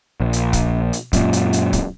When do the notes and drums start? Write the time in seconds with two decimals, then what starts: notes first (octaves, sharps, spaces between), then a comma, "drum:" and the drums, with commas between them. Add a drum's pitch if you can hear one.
0.20 A#1
0.33 drum: hi-hat
0.53 drum: kick, hi-hat
0.93 drum: hi-hat
1.13 F#2 A#2, drum: kick, hi-hat
1.33 drum: hi-hat
1.53 drum: hi-hat
1.73 drum: kick, hi-hat